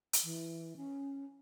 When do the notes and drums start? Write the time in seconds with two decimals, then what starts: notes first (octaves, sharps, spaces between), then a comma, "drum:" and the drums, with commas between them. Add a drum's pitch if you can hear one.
0.13 drum: hi-hat
0.24 E3
0.77 C#4